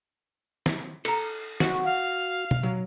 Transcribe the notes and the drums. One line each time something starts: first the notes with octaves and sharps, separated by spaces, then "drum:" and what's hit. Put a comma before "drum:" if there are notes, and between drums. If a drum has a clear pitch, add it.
drum: snare
A4 A#5, drum: cymbal
F#4, drum: snare
F5
drum: tom B2
F#3